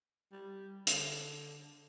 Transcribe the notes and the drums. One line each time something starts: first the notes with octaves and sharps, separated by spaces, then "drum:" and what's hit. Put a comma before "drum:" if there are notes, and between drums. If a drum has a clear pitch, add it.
G3
D3, drum: hi-hat